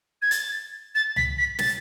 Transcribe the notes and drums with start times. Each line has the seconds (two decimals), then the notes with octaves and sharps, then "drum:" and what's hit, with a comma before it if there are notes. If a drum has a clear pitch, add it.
0.22 G#6
0.31 A6, drum: hi-hat
0.95 A6
1.16 B6, drum: tom C#2
1.38 B6
1.59 A6, drum: snare